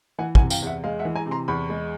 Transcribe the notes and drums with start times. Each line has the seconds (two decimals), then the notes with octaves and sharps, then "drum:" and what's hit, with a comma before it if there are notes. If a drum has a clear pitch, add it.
0.19 E3 F#5 G#5
0.35 F#5 G#5, drum: kick
0.40 C3
0.50 F5 G5, drum: tambourine
0.62 E2 E5 F#5
0.84 G#3 F5
0.99 E5 F#5
1.05 E3
1.16 G#5 A#5
1.26 C3
1.31 A#5 C6
1.48 E2 B5 C#6
1.69 G#3